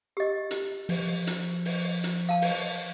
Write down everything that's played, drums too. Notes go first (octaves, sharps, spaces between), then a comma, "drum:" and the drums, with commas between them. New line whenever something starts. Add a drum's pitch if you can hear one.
G4 D#5
drum: hi-hat
F3, drum: open hi-hat
drum: hi-hat
drum: open hi-hat
drum: hi-hat
F5 A5
drum: open hi-hat